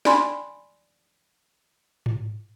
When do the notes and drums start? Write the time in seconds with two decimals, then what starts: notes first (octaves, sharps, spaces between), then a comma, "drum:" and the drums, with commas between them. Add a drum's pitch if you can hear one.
0.05 D5 G#5 B5 C6, drum: snare
2.06 drum: tom G#2